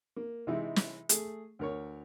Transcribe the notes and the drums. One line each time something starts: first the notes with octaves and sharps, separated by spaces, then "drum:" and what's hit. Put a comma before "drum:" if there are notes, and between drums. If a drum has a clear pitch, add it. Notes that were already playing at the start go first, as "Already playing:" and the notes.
A#3
C3 E3 G#3 D#4 E4
drum: snare
A3 G#4, drum: hi-hat
D2 A#4 C#5